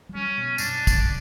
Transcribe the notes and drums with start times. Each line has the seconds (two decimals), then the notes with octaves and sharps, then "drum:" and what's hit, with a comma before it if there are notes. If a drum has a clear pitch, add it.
0.09 F#3
0.15 G3 C#4
0.37 B2
0.58 F#2 D4, drum: tambourine
0.87 drum: kick, tambourine